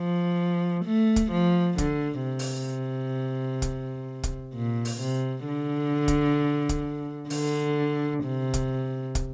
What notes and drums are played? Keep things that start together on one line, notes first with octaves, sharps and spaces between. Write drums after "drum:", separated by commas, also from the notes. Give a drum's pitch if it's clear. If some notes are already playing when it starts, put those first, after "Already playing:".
Already playing: F3
A3
drum: kick, hi-hat
F3
D3, drum: kick, hi-hat
C3
drum: open hi-hat
drum: kick, hi-hat
drum: kick, hi-hat
A#2
drum: open hi-hat
C3
D3
drum: kick, hi-hat
drum: kick, hi-hat
D3, drum: open hi-hat
C3
drum: kick, hi-hat
drum: kick, hi-hat